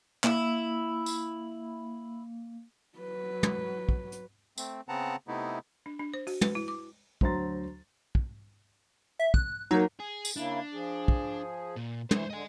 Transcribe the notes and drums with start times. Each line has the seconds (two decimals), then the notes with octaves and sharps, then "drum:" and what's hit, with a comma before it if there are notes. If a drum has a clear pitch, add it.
0.24 A#3 E4, drum: clap
1.06 drum: tambourine
2.98 F#3 B4
3.43 drum: tom
3.89 drum: kick
4.12 drum: hi-hat
4.58 A3 C4, drum: tambourine
4.89 C#3 B3 C4 F#5 A5 A#5
5.28 C3 A3 B3 D#4 E4
5.86 D4
5.99 D4
6.14 C5
6.27 F#4, drum: open hi-hat
6.41 B4, drum: tom
6.55 E4
6.68 D6
7.21 D2 F#3 C5 A#5 C6 A6, drum: kick
8.15 drum: kick
9.19 E5
9.34 F#6, drum: kick
9.71 F#3 A#3 D#4
10.00 G#4
10.25 drum: tambourine
10.36 C#3 A#3 D4 E4
10.73 F3 G#4
11.08 drum: kick
11.77 A#2
12.11 E3 C5 C#5, drum: tom
12.31 D3 D#5 G#5